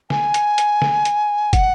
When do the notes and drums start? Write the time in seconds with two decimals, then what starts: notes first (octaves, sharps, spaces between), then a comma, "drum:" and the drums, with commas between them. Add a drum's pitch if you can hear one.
0.10 G#5, drum: snare
0.34 drum: hi-hat
0.58 drum: hi-hat
0.82 drum: snare
1.05 drum: hi-hat
1.53 F#5, drum: kick, hi-hat